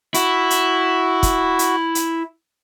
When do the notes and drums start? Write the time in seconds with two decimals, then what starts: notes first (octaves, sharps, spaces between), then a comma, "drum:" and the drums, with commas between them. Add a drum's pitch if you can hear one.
0.14 E4 F#4, drum: hi-hat
0.50 drum: hi-hat
1.23 drum: kick, hi-hat
1.59 drum: hi-hat
1.95 drum: hi-hat